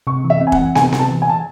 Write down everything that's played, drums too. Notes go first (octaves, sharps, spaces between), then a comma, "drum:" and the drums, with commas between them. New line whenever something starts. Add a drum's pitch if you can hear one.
C3 C#6
E3
E5
C4
G#5
F#5, drum: kick F1
E3
C3 G#5, drum: snare
C3, drum: snare
A5
E3
G#5
E3 A5